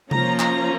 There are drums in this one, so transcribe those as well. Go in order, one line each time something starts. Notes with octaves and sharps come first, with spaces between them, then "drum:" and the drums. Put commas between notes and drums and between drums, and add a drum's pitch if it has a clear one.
F3 A#3 C#4 F4 A#5, drum: tom C3
A#5, drum: clap